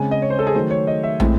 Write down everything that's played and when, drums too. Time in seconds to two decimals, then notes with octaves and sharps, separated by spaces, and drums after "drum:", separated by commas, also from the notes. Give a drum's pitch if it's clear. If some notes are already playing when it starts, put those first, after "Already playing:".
Already playing: C#3 G#3 C4 G#5
0.11 D#5
0.22 C#5
0.30 C5
0.39 A4
0.47 G#4
0.55 D#3 F#3 A3 C5
0.71 C#5
0.87 D#5
1.03 E5
1.20 A2 G#3 C4, drum: tom